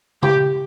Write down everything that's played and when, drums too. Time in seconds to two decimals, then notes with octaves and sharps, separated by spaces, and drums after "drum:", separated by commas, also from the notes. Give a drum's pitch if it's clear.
0.23 G4, drum: tom C#3